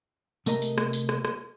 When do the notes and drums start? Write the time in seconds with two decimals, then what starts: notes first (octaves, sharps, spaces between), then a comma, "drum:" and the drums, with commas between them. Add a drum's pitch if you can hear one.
0.46 C3 A3 A#4 D#5 A#5, drum: tambourine
0.62 drum: tambourine
0.78 drum: rim click
0.93 drum: tambourine
1.09 drum: rim click
1.25 drum: rim click